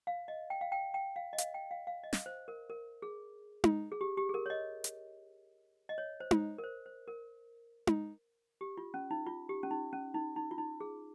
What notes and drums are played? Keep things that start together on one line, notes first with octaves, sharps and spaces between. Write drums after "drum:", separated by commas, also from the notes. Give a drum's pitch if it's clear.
F5
D#5
G5
F5
G5
G5
F5
D#5
F5, drum: hi-hat
G5
F5
F5
D#5
drum: snare
C5
A#4
A#4
G#4
drum: tom D#4
G#4
G4
G4
G#4
A#4
C#5
D#5
drum: hi-hat
D#5
C#5
C5
drum: tom D#4
A#4
C5
C5
A#4
drum: tom D#4
G4
F4
C#4
D#4
F4
G4
C#4
D#4
C#4
D#4
D#4
F4
D#4
G#4